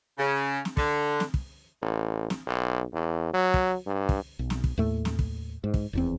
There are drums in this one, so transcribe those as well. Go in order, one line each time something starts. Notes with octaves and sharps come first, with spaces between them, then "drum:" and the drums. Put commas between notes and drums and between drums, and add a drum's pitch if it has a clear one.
C#3
drum: snare
D3, drum: kick
drum: snare
drum: kick
A1
drum: snare
B1
E2
F#3
drum: kick
G2
drum: kick
B1
drum: snare
drum: kick
D#2 A2 A3
drum: snare
drum: kick
G#2
drum: kick
F1 E2 C4